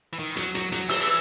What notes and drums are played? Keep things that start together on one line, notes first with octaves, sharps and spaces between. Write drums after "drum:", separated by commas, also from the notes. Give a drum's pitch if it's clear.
E3
D#3
F#3, drum: hi-hat
F#3, drum: hi-hat
F#3, drum: hi-hat
E3 E6, drum: open hi-hat